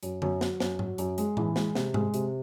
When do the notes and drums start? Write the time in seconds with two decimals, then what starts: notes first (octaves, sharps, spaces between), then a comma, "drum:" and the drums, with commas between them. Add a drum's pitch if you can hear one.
0.03 F#2, drum: hi-hat
0.22 F#2, drum: tom D3
0.41 F#3, drum: snare
0.60 F#2, drum: snare
0.79 F#3, drum: tom G#2
0.98 F#2, drum: hi-hat
1.18 G#3, drum: hi-hat
1.37 E3, drum: tom A2
1.56 G#3, drum: snare
1.75 C3, drum: snare
1.94 G#3, drum: tom G#2
2.14 C3, drum: hi-hat